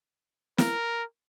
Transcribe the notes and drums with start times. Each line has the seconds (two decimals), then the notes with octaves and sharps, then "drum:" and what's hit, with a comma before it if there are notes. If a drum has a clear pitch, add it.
0.58 A#4, drum: snare